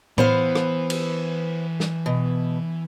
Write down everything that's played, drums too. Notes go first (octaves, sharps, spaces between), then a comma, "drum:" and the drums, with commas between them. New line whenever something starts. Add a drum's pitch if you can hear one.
E3 B3 C5 F5, drum: tom A2
drum: rim click
drum: cymbal
drum: snare
B2